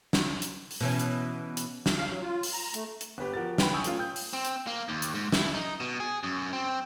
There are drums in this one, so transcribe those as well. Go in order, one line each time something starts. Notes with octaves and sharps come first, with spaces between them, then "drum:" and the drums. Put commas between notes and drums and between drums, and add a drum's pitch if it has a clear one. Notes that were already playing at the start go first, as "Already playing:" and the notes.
drum: snare
drum: hi-hat
drum: open hi-hat
B2 E3 C#4
drum: hi-hat
drum: hi-hat
drum: snare
F5
F#3
F4
drum: open hi-hat
A#5
A3, drum: hi-hat
drum: hi-hat
G1 B3 G4
F3 F#4 G4 A#4 A6
B4 G5 B5, drum: snare
G5 G#5 C#6 D#6 E6 G6
A3 C#4 F4 F5, drum: hi-hat
G5 D#6 G6
drum: open hi-hat
C4
drum: hi-hat
A#3
D#2
drum: hi-hat
G#2
E4, drum: snare
D#4
B2
G#4
F#2
C4